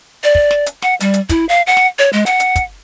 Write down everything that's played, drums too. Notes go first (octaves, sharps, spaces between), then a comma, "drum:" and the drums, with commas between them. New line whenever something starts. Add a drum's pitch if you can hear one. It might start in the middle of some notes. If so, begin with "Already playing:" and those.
D5
drum: kick
drum: snare
drum: hi-hat
F#5, drum: snare
G3, drum: hi-hat
drum: hi-hat
E4, drum: kick, hi-hat
F5
F#5
drum: snare
C#5
G#3
F#5, drum: hi-hat
drum: hi-hat
drum: kick, hi-hat